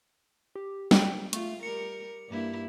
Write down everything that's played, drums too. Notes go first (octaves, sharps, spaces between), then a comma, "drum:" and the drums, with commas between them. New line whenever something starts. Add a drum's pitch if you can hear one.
G4
G5, drum: snare
A3 F4, drum: hi-hat
G3 A#4 C#7
G2 A#3 E4